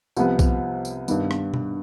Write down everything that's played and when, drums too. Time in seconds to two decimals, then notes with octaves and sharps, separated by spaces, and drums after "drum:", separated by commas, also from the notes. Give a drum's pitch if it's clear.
0.17 C2 C3 F3 B3, drum: tambourine
0.39 drum: kick B1, tambourine
0.85 drum: tambourine
1.08 G2 D#3 B3, drum: tambourine
1.31 drum: rim click
1.54 drum: tom B2